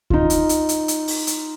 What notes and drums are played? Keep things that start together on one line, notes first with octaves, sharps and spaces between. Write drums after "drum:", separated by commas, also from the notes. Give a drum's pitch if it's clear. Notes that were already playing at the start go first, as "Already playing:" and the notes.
D#4 F4, drum: kick D2
drum: hi-hat
drum: hi-hat
drum: hi-hat
drum: hi-hat
drum: open hi-hat
drum: hi-hat